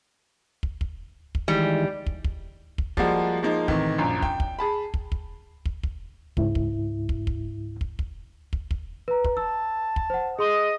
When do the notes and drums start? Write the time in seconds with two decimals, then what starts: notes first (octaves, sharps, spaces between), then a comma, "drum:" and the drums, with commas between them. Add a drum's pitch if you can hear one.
0.63 drum: kick
0.81 drum: kick
1.35 drum: kick
1.48 D#3 E3 G3 G#3
2.06 drum: kick
2.24 drum: kick
2.78 drum: kick
2.97 F3 G3 G#3 A#3 F#4, drum: kick
3.43 F3 G#3 A#3 D#4
3.68 A2 C3 D#3 E3, drum: kick
3.98 A#1 F#2
4.22 G5, drum: kick
4.40 drum: kick
4.59 G#4 A5 B5
4.94 drum: kick
5.12 drum: kick
5.65 drum: kick
5.83 drum: kick
6.37 C#2 G#2 E4, drum: kick
6.55 drum: kick
7.09 drum: kick
7.27 drum: kick
7.81 drum: kick
7.99 drum: kick
8.53 drum: kick
8.71 drum: kick
9.08 B4 A#5
9.24 drum: kick
9.37 A5 E6
9.96 drum: kick
10.10 C5 F#5
10.39 G#4 D#5 C6 D#6 G7